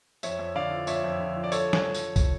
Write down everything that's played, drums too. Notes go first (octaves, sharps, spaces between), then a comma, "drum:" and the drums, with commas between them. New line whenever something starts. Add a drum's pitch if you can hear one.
F2 C#5 E5, drum: tambourine
F2
D3 D5 F5
F3
F2 C#5 E5, drum: tambourine
F2
D3
F3
D5
A4 C#5, drum: tambourine
drum: snare
drum: tambourine
drum: kick, tambourine